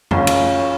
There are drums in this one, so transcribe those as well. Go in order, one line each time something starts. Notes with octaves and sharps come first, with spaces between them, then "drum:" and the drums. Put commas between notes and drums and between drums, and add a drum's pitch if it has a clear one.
F#1 F#2 C#3 C#4 F4, drum: tom F#2
drum: cymbal